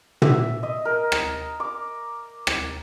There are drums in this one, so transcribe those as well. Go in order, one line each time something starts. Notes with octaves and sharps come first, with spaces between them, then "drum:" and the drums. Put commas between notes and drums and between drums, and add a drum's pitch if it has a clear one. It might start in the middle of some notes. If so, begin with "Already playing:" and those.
E5, drum: tom
D#5
A#4
drum: rim click
D6
drum: rim click